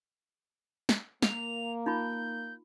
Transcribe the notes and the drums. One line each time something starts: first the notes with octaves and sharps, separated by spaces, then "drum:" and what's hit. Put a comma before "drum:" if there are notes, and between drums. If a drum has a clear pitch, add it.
drum: snare
A#3 F7, drum: snare
D#4 F4 B5 G6